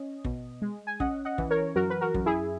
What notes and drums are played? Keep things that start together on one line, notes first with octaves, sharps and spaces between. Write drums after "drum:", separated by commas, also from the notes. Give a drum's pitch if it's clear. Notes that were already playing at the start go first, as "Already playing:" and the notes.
Already playing: C#4 D#5
B2, drum: kick
G#3
G#5
C#4 D#5 F#5, drum: kick
D#5 F#5
E3, drum: kick
A#4 C#5
F#2 F#4 A#4
B4
F#4 A#4
F#2, drum: kick
E4 G#4